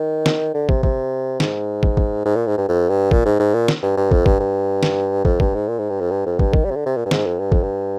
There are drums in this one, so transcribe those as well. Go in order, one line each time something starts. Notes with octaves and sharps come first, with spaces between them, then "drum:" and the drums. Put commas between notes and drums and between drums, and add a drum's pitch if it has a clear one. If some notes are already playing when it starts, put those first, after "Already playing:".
Already playing: D#3
drum: snare
D3
C3, drum: kick
C3, drum: kick
G#2, drum: snare
drum: kick
drum: kick
G#2
A#2
G#2
G2
F2
G2
A#2, drum: kick
G#2
G#2
A#2
drum: snare
G2
G2
F2, drum: kick
G2, drum: kick
G2
drum: snare
F2, drum: kick
G2, drum: kick
G#2
A#2
G#2
G2
F2
G2
F2
G2, drum: kick
D#3, drum: kick
G3
C3
D3
C3
A#2
G2
G#2, drum: snare
F2
G2
F2, drum: kick
G2